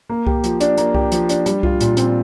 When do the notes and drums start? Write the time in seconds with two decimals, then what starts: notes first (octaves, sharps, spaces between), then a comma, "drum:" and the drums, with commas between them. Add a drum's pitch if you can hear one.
0.09 A#3
0.27 G4, drum: kick C2
0.44 F3, drum: hi-hat
0.61 D4, drum: hi-hat
0.77 A#3, drum: hi-hat
0.95 G4, drum: kick C2
1.12 F3, drum: hi-hat
1.29 D4, drum: hi-hat
1.46 G3, drum: hi-hat
1.63 F4, drum: kick C2
1.81 A#2, drum: hi-hat
1.97 C4, drum: hi-hat